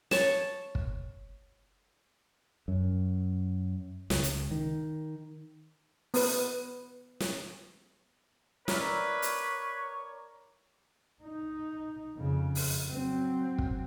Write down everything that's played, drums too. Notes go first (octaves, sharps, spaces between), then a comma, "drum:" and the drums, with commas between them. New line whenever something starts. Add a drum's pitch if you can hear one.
C#5 A5, drum: snare
drum: kick
F#2
C#2, drum: snare
drum: hi-hat
D#3
B3 B4, drum: open hi-hat
drum: snare
A#4 B4 C#5 D5 E5, drum: snare
drum: hi-hat
D#4
F2 C#3
drum: open hi-hat
F#3 C4
drum: kick